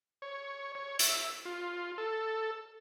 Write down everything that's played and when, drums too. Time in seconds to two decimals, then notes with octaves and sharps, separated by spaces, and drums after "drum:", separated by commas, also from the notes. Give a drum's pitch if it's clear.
0.22 C#5
0.75 C#5
0.99 E5, drum: hi-hat
1.45 F4
1.98 A4